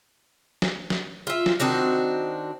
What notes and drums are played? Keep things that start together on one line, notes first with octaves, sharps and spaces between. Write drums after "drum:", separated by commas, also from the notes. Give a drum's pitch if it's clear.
drum: snare
drum: snare
F4 E5
drum: snare
D#3 C4 D4 F#4